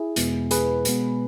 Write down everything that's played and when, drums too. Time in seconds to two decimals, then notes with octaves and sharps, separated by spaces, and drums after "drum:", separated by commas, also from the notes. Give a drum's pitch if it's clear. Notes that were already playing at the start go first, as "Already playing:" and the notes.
Already playing: E4 G#4
0.16 E2 B2 G#3 B3, drum: hi-hat
0.51 G#4 B4, drum: hi-hat
0.85 B2 G#3 B3, drum: hi-hat